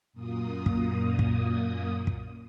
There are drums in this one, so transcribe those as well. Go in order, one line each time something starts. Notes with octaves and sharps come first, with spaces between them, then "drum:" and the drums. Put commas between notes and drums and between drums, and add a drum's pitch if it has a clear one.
F#2 A#2 A#3 D#6
drum: kick
drum: kick
drum: kick